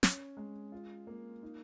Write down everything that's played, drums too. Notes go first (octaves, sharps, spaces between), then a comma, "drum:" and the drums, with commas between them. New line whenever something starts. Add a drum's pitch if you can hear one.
C#4, drum: snare
G#3
F4
A#3
D#4